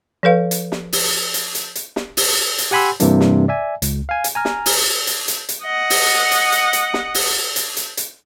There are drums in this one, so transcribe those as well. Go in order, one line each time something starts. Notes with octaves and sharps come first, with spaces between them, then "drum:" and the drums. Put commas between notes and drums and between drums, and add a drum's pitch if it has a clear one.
F3 A4 B4 F5
drum: hi-hat
drum: snare
drum: open hi-hat
drum: hi-hat
drum: hi-hat
drum: hi-hat
drum: snare
drum: open hi-hat
drum: hi-hat
G4 F#5 G#5 B5 C6 E6
G2 C3 E3 G3 A#3 D4, drum: hi-hat
drum: snare
D5 E5 G#5
C#2, drum: hi-hat
F5 G#5
drum: hi-hat
G#5 A#5 F6
drum: snare
drum: open hi-hat
drum: hi-hat
drum: hi-hat
drum: hi-hat
D#5 F#5
drum: open hi-hat
drum: hi-hat
drum: hi-hat
drum: hi-hat
drum: snare
drum: open hi-hat
drum: hi-hat
drum: hi-hat
drum: hi-hat